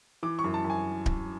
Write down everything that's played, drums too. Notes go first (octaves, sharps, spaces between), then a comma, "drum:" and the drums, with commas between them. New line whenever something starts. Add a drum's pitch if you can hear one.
E3 D6
C#6
F#2
A5
F#2
G#5
drum: kick D1